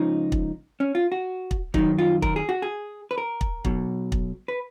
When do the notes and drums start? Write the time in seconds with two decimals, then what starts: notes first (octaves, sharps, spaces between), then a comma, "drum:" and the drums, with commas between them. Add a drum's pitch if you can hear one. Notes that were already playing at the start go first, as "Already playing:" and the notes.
Already playing: C#2 C#3 F3 D#4
0.32 drum: kick
0.80 C#4
0.95 F4
1.12 F#4
1.51 drum: kick
1.74 F#2 D#3 F#3 D#4, drum: kick
1.99 F4
2.22 A#4, drum: kick
2.36 G#4
2.49 F#4
2.62 G#4
3.11 B4
3.18 A#4
3.41 drum: kick
3.65 B1 B2 F#3, drum: kick
4.12 drum: kick
4.48 B4